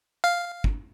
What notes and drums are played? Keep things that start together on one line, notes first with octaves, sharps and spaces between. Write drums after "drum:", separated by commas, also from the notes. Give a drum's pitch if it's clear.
F5
drum: kick